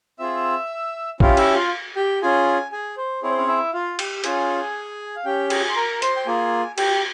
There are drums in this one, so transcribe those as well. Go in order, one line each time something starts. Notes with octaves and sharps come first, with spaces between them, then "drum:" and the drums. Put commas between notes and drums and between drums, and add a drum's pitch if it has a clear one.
C4 F4 G#4 E5 E6
C#4 E4 F4 G4 F5, drum: kick A#1
E4 E5, drum: cymbal
F4 F5
G4 G5
C#4 F4 G#4 G#5
G#4 G#5
C5
C4 E4 G#4 C#5
C5
C#4 C#5
E4 E5
F4 F5
G4 G5, drum: cymbal
C#4 F4 G#4 G#5, drum: hi-hat
F5
C#4 G4 G5
G#4 G#5, drum: cymbal
C6
A#4 A#5
C5 C6, drum: hi-hat
G5
A#3 F4 G#4 G#5
G4 G5, drum: cymbal